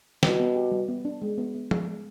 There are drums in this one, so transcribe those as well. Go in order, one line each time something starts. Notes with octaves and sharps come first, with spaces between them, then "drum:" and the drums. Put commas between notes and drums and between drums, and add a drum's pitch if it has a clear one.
B2 G3, drum: snare
B3
G4
G3
B3
D4
G#3
B3
B3
G#3, drum: tom F3
G#3